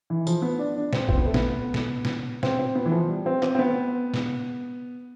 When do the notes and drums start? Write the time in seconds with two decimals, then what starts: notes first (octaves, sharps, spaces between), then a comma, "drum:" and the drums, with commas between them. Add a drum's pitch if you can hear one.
0.10 E3
0.27 F3, drum: tambourine
0.42 B3
0.59 D4
0.77 D4
0.93 C4, drum: snare
1.09 C4, drum: kick A#1
1.17 B3
1.26 A3
1.34 B3, drum: snare
1.74 drum: snare
2.05 drum: snare
2.43 C4, drum: snare
2.59 C4
2.75 B3
2.86 E3
2.92 F3
3.08 G3
3.26 C4
3.43 C4, drum: clap
3.55 C4
3.59 B3
4.14 drum: snare